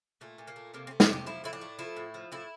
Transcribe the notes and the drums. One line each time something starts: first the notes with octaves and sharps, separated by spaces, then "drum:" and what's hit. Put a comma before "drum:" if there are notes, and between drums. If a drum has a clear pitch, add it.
A#2 A3
A#2
A#3
A3
C3 A#3
C4
A3
E4, drum: snare
C3 G4
F3 E4
A2 E4
D4
A3
F3 E4
A2
F3
A2 E4